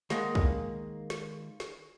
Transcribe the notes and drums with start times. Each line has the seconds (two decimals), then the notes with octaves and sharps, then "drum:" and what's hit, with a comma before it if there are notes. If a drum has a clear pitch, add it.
0.10 D#3 G#3 A#3 F#5, drum: snare
0.35 drum: kick
1.10 drum: snare
1.60 drum: snare